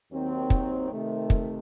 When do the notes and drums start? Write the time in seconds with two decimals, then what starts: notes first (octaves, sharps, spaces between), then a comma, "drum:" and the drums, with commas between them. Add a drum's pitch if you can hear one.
0.10 D#2 D#3 F#3 C4
0.50 drum: kick
0.90 C3 D#3 A3
1.30 drum: kick